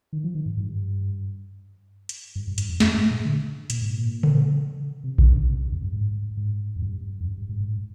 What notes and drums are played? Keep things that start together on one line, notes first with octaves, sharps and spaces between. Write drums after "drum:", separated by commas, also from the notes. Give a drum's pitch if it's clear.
D#3
F3
D#3
G#2
G2
drum: hi-hat
G2
G2
G2, drum: hi-hat
F2
F2, drum: snare
G2
A#2
D3
A#2, drum: hi-hat
G#2
A#2
drum: tom C#3
C3
D3, drum: kick A#1
D3
C3
F2
G2
G#2
G#2
F2
G2
F2
G2
G2
G#2
G#2